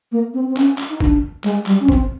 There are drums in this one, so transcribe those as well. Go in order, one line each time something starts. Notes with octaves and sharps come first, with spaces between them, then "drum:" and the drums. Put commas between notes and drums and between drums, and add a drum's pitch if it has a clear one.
A#3
C4
C4
C#4, drum: clap
drum: clap
D#4
D4, drum: kick A1
G#3, drum: clap
G3, drum: clap
C#4
C4, drum: kick A1